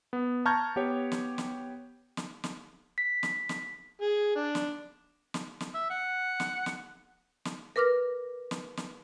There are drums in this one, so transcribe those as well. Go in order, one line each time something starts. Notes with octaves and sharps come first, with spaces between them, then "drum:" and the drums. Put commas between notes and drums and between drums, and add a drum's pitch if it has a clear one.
B3
A5 A#5 C#6 F6 G6 G#6
B3 G4 C#5
drum: snare
drum: snare
drum: snare
drum: snare
B6
drum: snare
drum: snare
G#4
D4
drum: snare
drum: snare
drum: snare
E5
F#5
drum: snare
drum: snare
drum: snare
A#4 B4 D6 F6 A#6
drum: snare
drum: snare